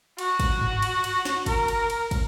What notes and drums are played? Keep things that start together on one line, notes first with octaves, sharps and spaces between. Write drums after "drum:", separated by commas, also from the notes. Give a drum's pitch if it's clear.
F#4, drum: cymbal
drum: kick, cymbal
drum: tom G2
drum: cymbal
drum: cymbal
drum: snare
A#4, drum: kick, cymbal
drum: cymbal
drum: cymbal
drum: kick, cymbal